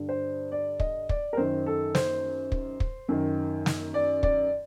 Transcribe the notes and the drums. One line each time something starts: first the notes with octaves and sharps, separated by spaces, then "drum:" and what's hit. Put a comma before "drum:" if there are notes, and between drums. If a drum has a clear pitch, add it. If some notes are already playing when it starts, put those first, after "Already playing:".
Already playing: G2 D3
C5
D5
D#5, drum: kick
D5, drum: kick
A#4
F#2 D#3 C5
A4
C5, drum: snare
drum: kick
drum: kick
F#2 D#3
drum: snare
D5
D5, drum: kick